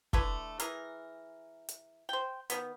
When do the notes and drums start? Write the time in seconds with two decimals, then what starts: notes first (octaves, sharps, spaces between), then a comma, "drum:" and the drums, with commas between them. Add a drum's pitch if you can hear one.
0.13 D3 A3 E4 B4, drum: kick
0.60 E3 G#4 A#4, drum: hi-hat
1.69 drum: hi-hat
2.09 C5 G5
2.50 D#3 F#3 B3, drum: hi-hat